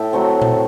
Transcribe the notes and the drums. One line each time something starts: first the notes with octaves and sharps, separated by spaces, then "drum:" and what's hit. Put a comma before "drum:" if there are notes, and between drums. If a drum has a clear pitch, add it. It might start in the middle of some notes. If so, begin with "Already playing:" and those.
Already playing: A2 E5 G5
F#3 A3 C4
drum: tom A#2